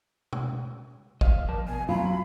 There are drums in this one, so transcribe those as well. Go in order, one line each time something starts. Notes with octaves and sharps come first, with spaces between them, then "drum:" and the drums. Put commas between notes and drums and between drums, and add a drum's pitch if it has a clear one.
drum: tom B2
D#5 F5, drum: kick A1
F3 A#4 A5
B2 G#5
F#3 F4 B5